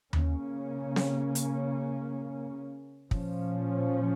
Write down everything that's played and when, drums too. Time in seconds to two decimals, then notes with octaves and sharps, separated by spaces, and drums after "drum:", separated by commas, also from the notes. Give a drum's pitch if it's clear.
0.13 C#3 A#3 C#4, drum: tom D#2
0.96 drum: snare C4
1.35 drum: hi-hat
3.11 A#2 F3 C#4, drum: kick